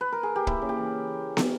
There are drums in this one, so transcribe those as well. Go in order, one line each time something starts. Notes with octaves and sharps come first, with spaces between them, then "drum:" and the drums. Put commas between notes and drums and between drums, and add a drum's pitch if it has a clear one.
B4
A#4
G#4
G4
A#3 E4, drum: kick
C#3
G4
E3
drum: snare